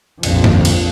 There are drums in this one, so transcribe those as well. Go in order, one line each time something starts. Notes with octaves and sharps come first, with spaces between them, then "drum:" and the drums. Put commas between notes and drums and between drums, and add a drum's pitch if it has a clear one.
A#1 F2 F3, drum: cymbal
drum: tom
drum: cymbal